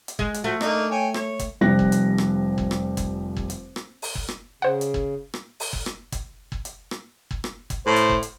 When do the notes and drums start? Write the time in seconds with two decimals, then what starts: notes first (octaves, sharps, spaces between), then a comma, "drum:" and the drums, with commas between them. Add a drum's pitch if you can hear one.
0.08 drum: hi-hat
0.19 G#3, drum: kick
0.34 drum: hi-hat
0.44 F3 A3 F#4
0.61 A#3 D4 D#4, drum: rim click
0.91 C#5 G5 G#5
1.14 C#5, drum: rim click
1.39 drum: kick, hi-hat
1.61 F1 F2 G3 F#6 A#6
1.79 drum: kick
1.92 drum: hi-hat
2.18 drum: rim click
2.58 drum: kick
2.71 drum: rim click
2.97 drum: kick, hi-hat
3.37 drum: kick
3.50 drum: hi-hat
3.76 drum: rim click
4.02 drum: open hi-hat
4.15 drum: kick
4.28 drum: rim click
4.62 C#3 C5 F#5
4.81 drum: hi-hat
4.94 drum: kick
5.34 drum: rim click
5.60 drum: open hi-hat
5.73 drum: kick
5.86 drum: rim click
6.12 drum: kick, hi-hat
6.52 drum: kick
6.65 drum: hi-hat
6.91 drum: rim click
7.31 drum: kick
7.44 drum: rim click
7.70 drum: kick, hi-hat
7.86 A2 C5
7.96 drum: hi-hat
8.09 drum: kick
8.23 drum: hi-hat